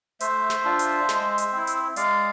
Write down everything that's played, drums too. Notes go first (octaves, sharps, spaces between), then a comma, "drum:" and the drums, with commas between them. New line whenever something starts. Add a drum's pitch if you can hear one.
A3 C5 E5, drum: hi-hat
drum: snare
D4 F4
drum: hi-hat
G#3, drum: snare
drum: hi-hat
C4 E4
drum: hi-hat
G#3 D5 F5, drum: hi-hat